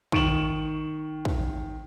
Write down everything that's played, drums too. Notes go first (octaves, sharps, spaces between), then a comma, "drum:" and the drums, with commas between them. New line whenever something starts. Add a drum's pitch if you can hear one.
D#3 C#6 D7 E7 F#7, drum: kick
drum: kick